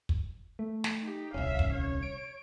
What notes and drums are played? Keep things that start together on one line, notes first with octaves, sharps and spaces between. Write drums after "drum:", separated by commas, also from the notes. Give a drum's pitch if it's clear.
drum: kick
A3
drum: snare
D#4 G4
D#1 C2 C#4 E5 F5
drum: kick
C#5
D7